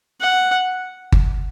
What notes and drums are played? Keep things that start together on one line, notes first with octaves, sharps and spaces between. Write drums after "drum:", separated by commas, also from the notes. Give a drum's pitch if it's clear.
F#5
drum: kick G1